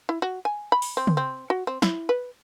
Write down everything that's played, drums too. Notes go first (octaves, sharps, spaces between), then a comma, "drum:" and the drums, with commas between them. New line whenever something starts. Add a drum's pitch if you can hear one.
E4
F#4
G#5
B5
drum: open hi-hat
C4
drum: tom
C4
F#4
C4
E4, drum: snare
B4